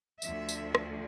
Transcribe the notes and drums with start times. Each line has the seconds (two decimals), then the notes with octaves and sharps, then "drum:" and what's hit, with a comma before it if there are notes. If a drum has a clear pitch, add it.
0.22 D2 D3 F3 E5, drum: tambourine
0.49 drum: tambourine
0.75 drum: rim click